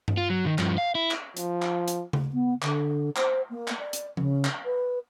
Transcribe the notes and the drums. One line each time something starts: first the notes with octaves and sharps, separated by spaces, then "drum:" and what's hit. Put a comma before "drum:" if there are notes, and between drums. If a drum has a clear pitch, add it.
drum: tom G2
F4
F#3
D#3
G2 F3, drum: clap
F5
E4
drum: clap
F3, drum: hi-hat
drum: clap
drum: hi-hat
drum: tom C#3
B3
D3, drum: clap
C5, drum: clap
A#3
drum: clap
D5
drum: hi-hat
C#3, drum: tom F3
drum: clap
B4